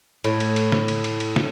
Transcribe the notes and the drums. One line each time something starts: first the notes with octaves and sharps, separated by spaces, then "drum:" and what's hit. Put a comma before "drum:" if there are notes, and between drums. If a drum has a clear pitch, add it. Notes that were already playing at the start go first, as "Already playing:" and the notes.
A2, drum: cymbal
drum: cymbal
drum: cymbal
drum: snare
drum: cymbal
drum: cymbal
drum: cymbal
drum: snare